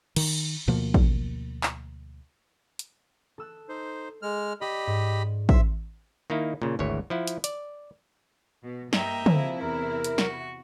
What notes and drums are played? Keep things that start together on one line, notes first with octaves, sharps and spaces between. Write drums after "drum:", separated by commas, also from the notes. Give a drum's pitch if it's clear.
D#3, drum: cymbal
D2 B2 F3 A#3
drum: kick
drum: clap
drum: hi-hat
A4 E6 F#6
D#4 C5
G#3 F6
G4 D5 D#5 B5
G#2
E4 C5 E5, drum: kick
D#3 A#3 D#4 E4
A#2 C#3
G#1 D2 E3 C#5
F3 E4 F#5
drum: hi-hat
D5, drum: hi-hat
B2
G2 A#3 D#5 E5 G5 A#5, drum: snare
C3 F3 E4, drum: tom
E2 A#4
drum: hi-hat
F#4, drum: snare